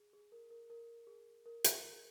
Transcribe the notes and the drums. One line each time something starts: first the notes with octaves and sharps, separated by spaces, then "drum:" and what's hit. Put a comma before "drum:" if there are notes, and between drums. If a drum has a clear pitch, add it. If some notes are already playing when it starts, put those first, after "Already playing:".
Already playing: G#4
G#4
A#4
A#4
A#4
G#4
A#4
G#4, drum: hi-hat
G#4